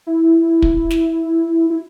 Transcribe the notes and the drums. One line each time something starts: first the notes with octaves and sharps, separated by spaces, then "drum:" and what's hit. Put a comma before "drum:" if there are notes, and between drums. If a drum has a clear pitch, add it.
E4
drum: kick
drum: snare
E4